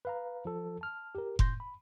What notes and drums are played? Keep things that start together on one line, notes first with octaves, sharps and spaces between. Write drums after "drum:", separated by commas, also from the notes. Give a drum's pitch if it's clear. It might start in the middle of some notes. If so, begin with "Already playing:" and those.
B4 F5 A#5
F3 A4
A5 F6
G4 A#4
A2 C6 G6 A#6, drum: kick F1
B5